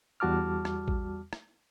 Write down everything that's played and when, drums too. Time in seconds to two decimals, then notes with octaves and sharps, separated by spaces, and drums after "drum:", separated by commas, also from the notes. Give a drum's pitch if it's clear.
0.20 E2 G3 F#4 A5 D6 F6
0.65 drum: rim click
0.88 drum: kick A1
1.33 drum: rim click